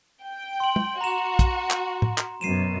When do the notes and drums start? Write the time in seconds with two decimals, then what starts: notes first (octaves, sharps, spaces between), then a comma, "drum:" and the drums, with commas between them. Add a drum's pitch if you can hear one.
0.24 G5
0.60 C6 F#7
0.76 drum: tom
1.01 F#4 A#5 E7
1.39 drum: kick, hi-hat
1.71 drum: clap
2.02 drum: tom A2
2.18 drum: clap
2.41 F#2 B2 C7 D#7 E7